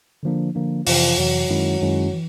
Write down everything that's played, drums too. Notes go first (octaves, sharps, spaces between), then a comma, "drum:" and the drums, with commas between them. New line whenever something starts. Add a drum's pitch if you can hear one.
D3 F3 A#3 D4
D3 F3 A#3 D4
F2 C3 E3 F3, drum: open hi-hat
F2 C3 E3 F#3
F#2 D#3 G#3 C#4 E4
F#2 D#3 G#3 C#4 E4
E3